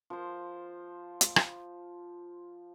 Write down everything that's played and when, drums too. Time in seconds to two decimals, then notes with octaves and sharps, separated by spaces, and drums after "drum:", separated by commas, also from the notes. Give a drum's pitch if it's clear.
0.10 F3 C5
1.21 drum: hi-hat
1.36 drum: rim click